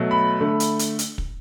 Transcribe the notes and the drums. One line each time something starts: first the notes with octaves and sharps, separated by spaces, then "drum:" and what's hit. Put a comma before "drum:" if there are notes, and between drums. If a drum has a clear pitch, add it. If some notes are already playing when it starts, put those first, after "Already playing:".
Already playing: B2 F#3 A3
B5
D3 A3
drum: hi-hat
drum: hi-hat
drum: hi-hat
drum: kick